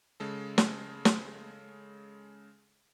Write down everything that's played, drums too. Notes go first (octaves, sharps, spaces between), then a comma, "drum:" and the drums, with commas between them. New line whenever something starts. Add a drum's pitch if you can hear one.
C#3 G#3 A4
drum: snare
drum: snare